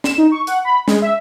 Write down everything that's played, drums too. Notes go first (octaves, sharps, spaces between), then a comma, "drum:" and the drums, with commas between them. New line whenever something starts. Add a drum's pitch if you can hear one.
E7, drum: snare
D#4
C#6
F#5, drum: hi-hat
B5
G#3, drum: snare
E5